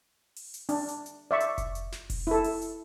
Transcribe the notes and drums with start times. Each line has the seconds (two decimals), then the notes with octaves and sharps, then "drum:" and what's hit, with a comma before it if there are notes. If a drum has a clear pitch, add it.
0.36 drum: open hi-hat
0.54 drum: hi-hat
0.69 D4, drum: open hi-hat
0.88 drum: hi-hat
1.06 drum: hi-hat
1.31 D5 E5 C#6
1.40 drum: hi-hat
1.58 drum: kick F1, hi-hat
1.75 drum: hi-hat
1.92 drum: snare
2.10 drum: kick F1, open hi-hat
2.27 E4 A4
2.44 drum: open hi-hat
2.62 drum: hi-hat